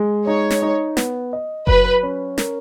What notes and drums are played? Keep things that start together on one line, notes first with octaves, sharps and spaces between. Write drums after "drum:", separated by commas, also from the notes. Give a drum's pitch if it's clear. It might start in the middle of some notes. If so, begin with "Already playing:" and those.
Already playing: G#3
D#4 C#5
drum: snare
D#4
B3, drum: snare
D#5
F#3 B4, drum: kick F#1
C#4
A#4, drum: snare